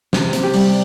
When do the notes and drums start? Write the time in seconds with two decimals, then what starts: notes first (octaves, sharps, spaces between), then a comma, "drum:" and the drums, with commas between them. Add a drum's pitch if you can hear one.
0.13 C3, drum: snare
0.33 C4, drum: hi-hat
0.43 G4
0.54 G3, drum: open hi-hat